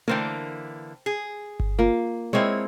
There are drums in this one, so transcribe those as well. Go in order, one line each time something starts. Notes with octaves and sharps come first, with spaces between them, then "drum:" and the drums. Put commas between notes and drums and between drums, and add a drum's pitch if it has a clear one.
D3 E3 A#3 A#4 C5 G5, drum: tom A3
G#4
drum: kick G1
A#3 F4
G#3 A#3 C4 E4 C#5